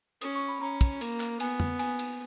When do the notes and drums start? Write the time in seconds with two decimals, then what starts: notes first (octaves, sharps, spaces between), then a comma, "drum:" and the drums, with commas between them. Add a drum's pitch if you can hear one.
0.21 C#4 D#6, drum: cymbal
0.35 C#6
0.48 B5
0.61 C#4 A#5
0.81 drum: kick, cymbal
1.01 A#3, drum: cymbal
1.20 drum: clap
1.40 B3 G#5, drum: cymbal
1.60 drum: tom F2
1.79 G#5, drum: cymbal
1.99 drum: cymbal